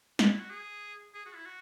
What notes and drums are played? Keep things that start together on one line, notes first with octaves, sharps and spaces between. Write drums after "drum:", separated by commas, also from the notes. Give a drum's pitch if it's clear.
D4, drum: snare
E4
F#4
G#4
G#4
F#4
E4
F#4